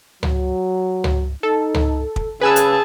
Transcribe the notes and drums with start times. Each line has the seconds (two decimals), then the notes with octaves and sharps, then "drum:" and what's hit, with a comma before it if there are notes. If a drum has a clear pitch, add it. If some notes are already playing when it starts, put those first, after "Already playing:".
0.23 F#3, drum: tom C#2
1.04 drum: tom C#2
1.43 D#4 A4
1.74 drum: tom C#2
2.16 drum: kick
2.41 C#3 G#4 B4 G#5 A5 E6
2.56 drum: hi-hat